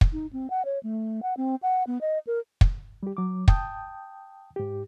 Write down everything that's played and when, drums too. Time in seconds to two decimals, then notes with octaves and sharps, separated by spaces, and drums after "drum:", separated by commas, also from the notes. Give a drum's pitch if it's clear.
0.01 drum: kick
0.13 D#4
0.33 C4
0.50 F#5
0.65 C#5
0.83 A3
1.23 F#5
1.37 C4
1.63 F#5
1.87 B3
2.01 D#5
2.27 A#4
2.61 drum: kick
3.03 G3 G4
3.17 F#3 D6
3.48 G5 A5 D#6 G6, drum: kick
4.56 G#2 G4